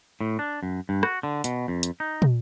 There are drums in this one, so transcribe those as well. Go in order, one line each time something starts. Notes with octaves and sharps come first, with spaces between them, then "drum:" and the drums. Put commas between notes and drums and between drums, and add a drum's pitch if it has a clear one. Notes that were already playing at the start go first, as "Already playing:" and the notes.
A2
D4
F#2
G2
F#4, drum: rim click
D3
B2, drum: hi-hat
F2
drum: hi-hat
D#4
drum: tom